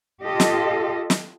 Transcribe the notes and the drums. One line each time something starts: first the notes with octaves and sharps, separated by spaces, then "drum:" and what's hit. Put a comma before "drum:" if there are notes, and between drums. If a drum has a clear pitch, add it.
F4 G4 A4 D#5
drum: snare
drum: snare